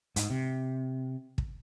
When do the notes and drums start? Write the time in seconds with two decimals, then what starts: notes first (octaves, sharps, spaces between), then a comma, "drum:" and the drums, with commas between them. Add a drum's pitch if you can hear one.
0.16 G#2, drum: hi-hat
0.30 C3
1.38 drum: kick